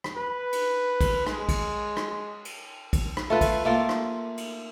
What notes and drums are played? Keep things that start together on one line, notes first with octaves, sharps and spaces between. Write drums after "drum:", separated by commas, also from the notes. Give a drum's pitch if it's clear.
drum: rim click
B4
drum: cymbal
drum: kick, cymbal
G#3, drum: rim click
drum: kick, cymbal
drum: rim click
drum: cymbal
drum: kick, cymbal
drum: rim click
A3 F4 B4
drum: kick, cymbal
A3 A#3 F4
drum: rim click
drum: cymbal